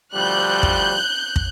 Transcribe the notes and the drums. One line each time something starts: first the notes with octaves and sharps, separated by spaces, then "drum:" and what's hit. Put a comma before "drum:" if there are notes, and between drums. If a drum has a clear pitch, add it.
D2 F3 G3 F#6 G6
drum: kick
drum: kick